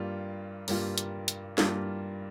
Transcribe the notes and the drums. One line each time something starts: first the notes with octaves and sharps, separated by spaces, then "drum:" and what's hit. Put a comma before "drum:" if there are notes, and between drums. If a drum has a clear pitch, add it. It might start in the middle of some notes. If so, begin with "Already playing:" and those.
Already playing: G2 G3 A#3 F4
G2 G3 A#3 F4, drum: open hi-hat
drum: hi-hat
drum: hi-hat
G2 G3 A#3 F4, drum: snare